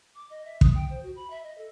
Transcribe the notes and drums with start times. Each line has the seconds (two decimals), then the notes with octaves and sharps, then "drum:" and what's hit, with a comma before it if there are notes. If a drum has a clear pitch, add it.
0.15 D6
0.30 D#5
0.45 E5
0.61 D#6, drum: kick
0.75 G5
0.90 C5
1.03 F#4
1.16 B5
1.30 E5
1.43 D#5
1.58 A4